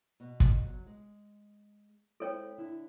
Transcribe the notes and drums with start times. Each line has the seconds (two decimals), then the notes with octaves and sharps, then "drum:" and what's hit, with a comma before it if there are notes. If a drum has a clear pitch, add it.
0.20 B2
0.40 drum: kick
0.66 F#3
0.86 G#3
2.20 G#3 C4 E4 A4 C#5 G5
2.58 D3 E4